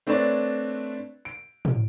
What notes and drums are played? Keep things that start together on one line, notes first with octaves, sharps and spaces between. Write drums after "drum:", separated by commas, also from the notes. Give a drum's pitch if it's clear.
A3 C4 D4 B4 C#5 D5
D7
drum: tom